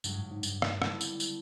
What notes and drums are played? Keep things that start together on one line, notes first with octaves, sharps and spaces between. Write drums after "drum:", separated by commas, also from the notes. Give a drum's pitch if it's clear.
C#2 G2 C#3 F#3, drum: tambourine
G#2
G#2
G2, drum: tambourine
drum: rim click
D3 G3 B3 E4 A4, drum: rim click
drum: tambourine
drum: tambourine